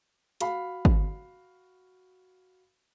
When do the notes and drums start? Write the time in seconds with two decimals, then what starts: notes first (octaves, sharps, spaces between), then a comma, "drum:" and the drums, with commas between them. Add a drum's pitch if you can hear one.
0.41 F#4 F5 B5, drum: hi-hat
0.85 drum: kick